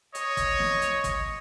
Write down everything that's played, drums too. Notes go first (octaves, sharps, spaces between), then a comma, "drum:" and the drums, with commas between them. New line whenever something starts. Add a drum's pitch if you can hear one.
C#5 D#5, drum: hi-hat
drum: kick, hi-hat
drum: snare
drum: hi-hat
drum: kick, hi-hat